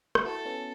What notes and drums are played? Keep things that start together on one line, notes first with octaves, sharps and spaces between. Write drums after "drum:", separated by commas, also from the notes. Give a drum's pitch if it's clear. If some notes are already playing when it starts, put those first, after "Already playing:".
drum: rim click
E4 F#4 A4
B3 C#4